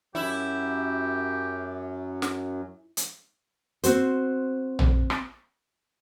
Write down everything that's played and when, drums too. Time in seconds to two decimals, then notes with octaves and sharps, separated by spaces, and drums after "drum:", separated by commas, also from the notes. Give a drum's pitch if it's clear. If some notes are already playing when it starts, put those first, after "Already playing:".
0.15 F#2 F#3 E4 G4
2.22 drum: snare
2.97 drum: hi-hat
3.83 C4 F#4 C5, drum: hi-hat
4.79 drum: tom A#1
5.10 drum: rim click